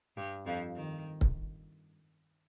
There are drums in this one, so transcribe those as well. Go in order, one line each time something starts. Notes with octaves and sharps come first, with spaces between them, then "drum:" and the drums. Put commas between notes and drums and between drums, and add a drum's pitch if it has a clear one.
G2 G3
F2 F3
D#3
drum: kick C#1